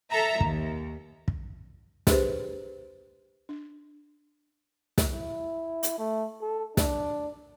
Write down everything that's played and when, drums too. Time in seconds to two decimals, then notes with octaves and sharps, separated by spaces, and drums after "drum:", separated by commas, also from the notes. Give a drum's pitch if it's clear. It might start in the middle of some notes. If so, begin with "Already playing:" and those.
0.10 A4 E5 A#5
0.40 D#2, drum: kick
1.28 drum: kick
2.07 D4 G4 G#4 B4 C5, drum: snare
3.49 D4
4.98 drum: snare
5.09 E4
5.83 drum: hi-hat
5.98 A3
6.41 A4
6.77 D4, drum: snare